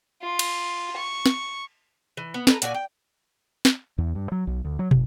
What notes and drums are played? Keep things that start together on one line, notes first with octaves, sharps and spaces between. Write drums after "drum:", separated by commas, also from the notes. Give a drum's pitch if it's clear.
F4
drum: cymbal
C#6
drum: snare
E3
B3
A4 B4 D5 A#5, drum: snare
A#2 F#4 D5 G#5, drum: hi-hat
G5
drum: snare
E2
G2
F#3
B1
D2
F#3
F#1, drum: tom